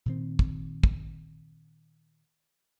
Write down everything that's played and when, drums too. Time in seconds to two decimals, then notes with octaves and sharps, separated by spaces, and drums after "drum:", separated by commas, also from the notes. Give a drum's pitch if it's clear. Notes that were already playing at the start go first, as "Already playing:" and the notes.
0.06 A#2 D#3 C4
0.39 drum: kick
0.83 drum: kick